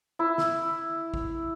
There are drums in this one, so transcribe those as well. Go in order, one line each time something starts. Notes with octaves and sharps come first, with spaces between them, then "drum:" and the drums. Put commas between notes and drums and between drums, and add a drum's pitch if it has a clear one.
E4
drum: snare
drum: kick A1